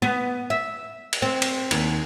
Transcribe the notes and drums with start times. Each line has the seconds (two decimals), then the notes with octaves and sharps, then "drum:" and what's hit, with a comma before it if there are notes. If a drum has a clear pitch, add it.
0.02 B3
0.50 E5
1.13 drum: cymbal
1.22 C4
1.42 drum: cymbal
1.71 D#2, drum: cymbal